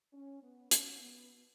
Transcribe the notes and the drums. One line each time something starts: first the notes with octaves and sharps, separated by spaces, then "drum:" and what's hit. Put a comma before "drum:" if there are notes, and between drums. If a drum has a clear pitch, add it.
C#4
B3
C#4, drum: hi-hat
B3